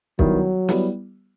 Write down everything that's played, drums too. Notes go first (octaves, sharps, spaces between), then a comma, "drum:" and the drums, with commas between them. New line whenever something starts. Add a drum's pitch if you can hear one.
D#3 F#3 G3 B3 E4, drum: kick
G3 B3 E4, drum: snare